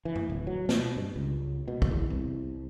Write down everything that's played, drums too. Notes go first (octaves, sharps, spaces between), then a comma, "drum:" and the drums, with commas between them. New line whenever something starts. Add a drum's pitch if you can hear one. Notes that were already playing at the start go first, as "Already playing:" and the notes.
E3
drum: tom F#2
D1
F#3
B2, drum: snare
G2
C#2
B2
drum: kick
E2
C2